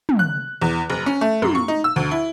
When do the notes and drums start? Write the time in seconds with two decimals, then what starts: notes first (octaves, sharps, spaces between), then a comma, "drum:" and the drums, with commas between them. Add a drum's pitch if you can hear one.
0.09 drum: tom
0.19 F#6
0.62 E2
0.90 F#1
1.06 C#4
1.21 A3
1.42 F#2, drum: tom
1.55 C#6
1.68 D#4
1.84 E6
1.96 D2
2.11 E4